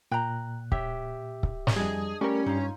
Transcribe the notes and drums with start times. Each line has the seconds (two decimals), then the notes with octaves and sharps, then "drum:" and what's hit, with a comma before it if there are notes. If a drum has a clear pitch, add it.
0.11 A#2 G5 A#5 F#6
0.72 G4 C#5 E5, drum: kick C#1
1.43 drum: kick C#1
1.67 drum: snare
1.76 F2 G3 D4 G#4 D#5
2.21 G3 A3 C#4 G4 A#4
2.46 G2 D#4 F4